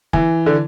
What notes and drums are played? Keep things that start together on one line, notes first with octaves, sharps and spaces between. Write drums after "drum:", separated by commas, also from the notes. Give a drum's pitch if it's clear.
E3, drum: kick
D3